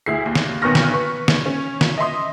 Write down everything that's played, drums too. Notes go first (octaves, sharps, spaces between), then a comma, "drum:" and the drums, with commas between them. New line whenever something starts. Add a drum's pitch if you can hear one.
D2 E4 G#4 C7
D#2
drum: snare
B1 D#3 B3 C#6 F6 A#6
drum: snare
B4 C#6
drum: snare
C#4
drum: snare
D#5 E5 C6 D#6